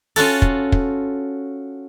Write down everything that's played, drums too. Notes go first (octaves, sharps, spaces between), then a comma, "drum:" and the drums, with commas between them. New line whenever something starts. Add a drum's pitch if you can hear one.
C#4 F4 F#4 A4, drum: open hi-hat
drum: kick
drum: kick